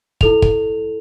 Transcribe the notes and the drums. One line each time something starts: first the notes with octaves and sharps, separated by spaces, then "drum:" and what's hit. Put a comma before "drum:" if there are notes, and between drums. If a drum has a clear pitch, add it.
E4 A4 F7, drum: kick
drum: kick